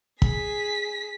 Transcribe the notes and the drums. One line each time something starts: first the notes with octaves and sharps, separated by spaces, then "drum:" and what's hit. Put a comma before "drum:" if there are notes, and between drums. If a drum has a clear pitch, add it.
G#4 B6, drum: kick